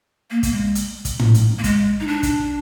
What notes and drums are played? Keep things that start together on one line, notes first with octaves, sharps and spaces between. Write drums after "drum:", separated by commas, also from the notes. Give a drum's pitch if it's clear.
A#3
A#3, drum: kick, hi-hat
G#3
drum: hi-hat
drum: kick, hi-hat
drum: tom
drum: hi-hat
A#3
G#3, drum: kick, hi-hat
D#4
D4
drum: kick, hi-hat